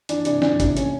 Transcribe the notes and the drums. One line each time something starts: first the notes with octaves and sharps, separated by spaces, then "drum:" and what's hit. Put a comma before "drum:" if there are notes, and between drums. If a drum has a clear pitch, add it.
E3 D4, drum: hi-hat
C3 D4, drum: hi-hat
E3 D4, drum: snare
C3 D4, drum: kick G#1, hi-hat
C3 C#4, drum: hi-hat